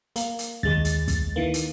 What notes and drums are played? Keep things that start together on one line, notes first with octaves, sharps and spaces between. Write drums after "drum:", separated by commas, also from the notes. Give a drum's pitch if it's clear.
A#3, drum: hi-hat
drum: hi-hat
D#2 G#3 A6, drum: kick
drum: hi-hat
drum: kick, hi-hat
D#3 E3 A#3
drum: hi-hat